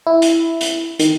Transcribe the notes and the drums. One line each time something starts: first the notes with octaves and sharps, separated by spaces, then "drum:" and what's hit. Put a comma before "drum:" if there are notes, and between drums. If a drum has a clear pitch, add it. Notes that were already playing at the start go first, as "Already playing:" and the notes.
E4
drum: hi-hat
drum: hi-hat
D#3, drum: hi-hat